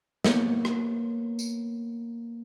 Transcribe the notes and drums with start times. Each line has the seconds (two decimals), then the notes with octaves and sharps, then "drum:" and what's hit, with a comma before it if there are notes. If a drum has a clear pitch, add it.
0.24 A#3 B3 C#5 G6, drum: snare
0.65 drum: rim click
1.39 drum: tambourine